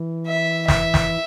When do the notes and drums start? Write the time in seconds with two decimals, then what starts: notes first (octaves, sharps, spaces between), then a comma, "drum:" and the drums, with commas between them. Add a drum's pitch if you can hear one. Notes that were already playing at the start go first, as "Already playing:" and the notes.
Already playing: E3
0.27 E5
0.68 E5, drum: snare
0.94 drum: snare